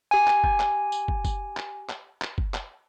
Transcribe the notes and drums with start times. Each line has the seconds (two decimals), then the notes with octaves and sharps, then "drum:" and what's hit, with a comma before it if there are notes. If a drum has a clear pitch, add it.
0.11 G4 G#5
0.27 drum: clap
0.44 drum: kick
0.60 drum: clap
0.92 drum: tambourine
1.08 drum: kick
1.25 drum: kick, tambourine
1.57 drum: clap
1.89 drum: clap
2.22 drum: clap
2.38 drum: kick
2.54 drum: clap